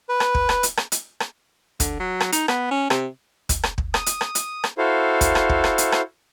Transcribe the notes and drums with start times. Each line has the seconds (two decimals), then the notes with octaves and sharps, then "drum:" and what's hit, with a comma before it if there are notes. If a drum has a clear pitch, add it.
0.09 B4
0.20 drum: rim click
0.35 drum: kick
0.49 drum: rim click
0.63 drum: hi-hat
0.77 drum: rim click
0.92 drum: hi-hat
1.20 drum: rim click
1.80 D3, drum: kick, hi-hat
2.00 F#3
2.20 drum: rim click
2.32 D#4, drum: hi-hat
2.48 B3, drum: rim click
2.71 C#4
2.90 C3, drum: rim click
3.49 drum: kick, hi-hat
3.63 drum: rim click
3.78 drum: kick
3.94 D#6, drum: rim click
4.06 drum: hi-hat
4.21 drum: rim click
4.35 drum: hi-hat
4.64 drum: rim click
4.78 E4 F#4 A4 C5 F5
5.21 drum: kick, hi-hat
5.35 drum: rim click
5.49 drum: kick
5.64 drum: rim click
5.78 drum: hi-hat
5.92 drum: rim click